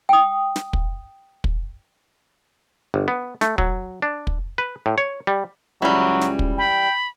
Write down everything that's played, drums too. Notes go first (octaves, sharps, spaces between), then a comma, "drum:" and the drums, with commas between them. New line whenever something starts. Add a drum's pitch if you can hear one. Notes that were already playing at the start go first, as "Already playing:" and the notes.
G5 D#6
drum: snare
drum: kick
drum: kick
G1
B3
A3, drum: snare
F#3, drum: kick
D4
drum: kick
B4
A2
C#5
G3
C#2 E3 F#3 G3
drum: snare
drum: kick
G5 B5